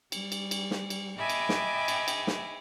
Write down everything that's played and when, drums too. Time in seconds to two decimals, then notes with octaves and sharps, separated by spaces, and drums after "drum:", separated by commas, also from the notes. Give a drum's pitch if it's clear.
0.12 G3, drum: cymbal
0.32 drum: cymbal
0.51 drum: cymbal
0.71 drum: snare
0.90 drum: cymbal
1.18 D#5 E5 G5 G#5 B5 D6
1.29 drum: cymbal
1.49 drum: snare
1.88 drum: cymbal
2.08 drum: cymbal
2.27 drum: snare